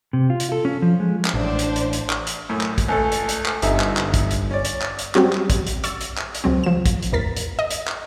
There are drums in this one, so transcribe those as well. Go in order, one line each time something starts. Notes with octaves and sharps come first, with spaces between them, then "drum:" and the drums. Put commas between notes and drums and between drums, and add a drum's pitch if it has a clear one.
C3
F4
drum: hi-hat
A4
C#4
F3
G#3
drum: clap
A1 D4 C5
drum: hi-hat
drum: hi-hat
drum: hi-hat
drum: clap
drum: hi-hat
F#2 A2
drum: clap
drum: kick, hi-hat
C#2 A3 A4
drum: hi-hat
drum: hi-hat
drum: clap
G1 C2 D#4 E5, drum: hi-hat
drum: clap
drum: clap
drum: kick, hi-hat
drum: hi-hat
C#4 D5
drum: hi-hat
drum: clap
drum: hi-hat
F#3 G3 C4 C#4 F#4 G4, drum: clap
drum: clap
drum: kick, hi-hat
drum: hi-hat
C#6 E6 A6, drum: hi-hat
drum: hi-hat
drum: clap
drum: hi-hat
C#2 F#3 C4
F3 E7
drum: kick, hi-hat
drum: hi-hat
A1 E2 A#4 A6 B6
drum: hi-hat
D#5
drum: hi-hat
drum: clap